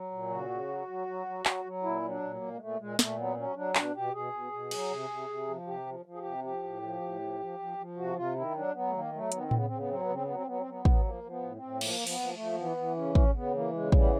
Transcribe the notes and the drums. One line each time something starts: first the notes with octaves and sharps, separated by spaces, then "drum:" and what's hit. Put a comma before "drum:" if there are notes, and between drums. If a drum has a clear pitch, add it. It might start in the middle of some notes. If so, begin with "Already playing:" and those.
Already playing: F#3
A#2
C#3 F#4
C#3
F#3
F#3
F#3
F#3
F#3, drum: clap
F#3
A#2 E4
F#3
D4
A#2
A#3
A#2
G#3
A#2 A3
A#2 G#3
A#2 A3, drum: snare
F#3 B3
F#3 C#4
F#3 D4
B2 D4, drum: clap
B2 G4
B2 G#4
B2
B2
F#3, drum: cymbal
C3
C3
C3
F3
C3 G4
F3
F3
G#4
G4
C3
F3 G4
A2
F3
A2
F3
F3
F3
F3
C3 F#4
C3 F4
D#3 E4
D#4
F#3 D4
F#3 B3
A3
D#3 A#3
F#3 A3
D#3 B3, drum: hi-hat
C4
C#3 B3, drum: tom A2
C#3 C4
B3
F#3 C4
B3
C#3 C4
F#3 B3
C4
F#3 B3
C4
F#3 B3
F#3, drum: kick
F3 A#3
F3
B3
A2
C4
A2
F3 A#3, drum: cymbal
F3
B3, drum: open hi-hat
F3 A#3
A3
F3
A#3
E3 B3
E3
C#3 C#4
C#3, drum: kick
C#3 B3
E3 A#3
C#3 G#3
E3 G3, drum: kick
B3